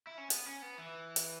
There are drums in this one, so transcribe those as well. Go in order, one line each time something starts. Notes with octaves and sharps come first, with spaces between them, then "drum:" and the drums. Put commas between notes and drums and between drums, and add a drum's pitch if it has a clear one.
E4
C#4
B3, drum: hi-hat
C#4
B3
E3
drum: hi-hat